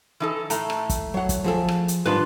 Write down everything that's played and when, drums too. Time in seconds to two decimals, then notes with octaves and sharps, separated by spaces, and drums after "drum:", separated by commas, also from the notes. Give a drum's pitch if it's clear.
0.20 E3 D#4 A4
0.50 A2 A3 A#5, drum: hi-hat
0.70 drum: rim click
0.89 drum: kick, hi-hat
1.14 F#3 F#5
1.29 drum: kick, hi-hat
1.44 F3 G#4 A4
1.68 drum: rim click
1.88 drum: hi-hat
2.05 G#2 D#3 G3 D4 F4 B4